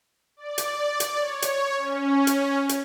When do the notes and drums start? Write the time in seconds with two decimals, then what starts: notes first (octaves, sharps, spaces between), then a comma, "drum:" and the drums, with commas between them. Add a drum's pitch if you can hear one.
0.37 D5
0.58 drum: hi-hat
1.00 drum: hi-hat
1.19 C#5
1.42 drum: hi-hat
1.77 C#4
2.27 drum: hi-hat
2.69 drum: hi-hat